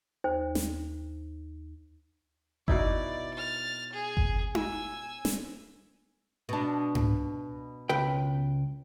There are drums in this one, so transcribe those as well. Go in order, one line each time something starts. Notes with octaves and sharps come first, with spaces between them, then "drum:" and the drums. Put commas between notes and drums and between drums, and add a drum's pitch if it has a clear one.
D#2 C5
drum: snare
B2 D#4 E4 D5, drum: kick G1
F6 A6
G#4
drum: kick G1
G#5 E6, drum: tom D#4
drum: snare
B2 D4
drum: tom G#2
C#2 B4 G5